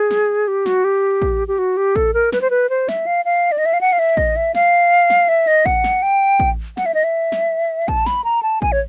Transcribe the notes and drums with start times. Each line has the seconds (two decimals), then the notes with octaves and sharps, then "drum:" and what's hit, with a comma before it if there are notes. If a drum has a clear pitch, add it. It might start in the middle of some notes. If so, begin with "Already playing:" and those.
Already playing: G#4
0.11 drum: snare
0.48 G4
0.66 F#4, drum: snare
0.84 G4
1.22 drum: kick
1.48 G4
1.58 F#4
1.77 G4
1.96 A4, drum: kick
2.14 A#4
2.32 B4, drum: snare
2.41 C5
2.50 B4
2.70 C5
2.89 E5, drum: snare
3.06 F5
3.25 F5
3.52 D5
3.58 D#5
3.66 E5
3.73 F5
3.81 F#5
3.93 F5
3.99 E5
4.17 D#5, drum: kick
4.36 E5
4.55 F5, drum: snare
5.10 drum: snare
5.29 E5
5.47 D#5
5.66 F#5, drum: kick
5.84 drum: snare
6.02 G5
6.40 drum: kick
6.77 F#5, drum: snare
6.86 E5
6.95 D#5
7.04 E5
7.32 drum: snare
7.88 A5, drum: kick
8.06 B5, drum: snare
8.24 A#5
8.43 A5
8.62 G#5, drum: kick
8.72 C#5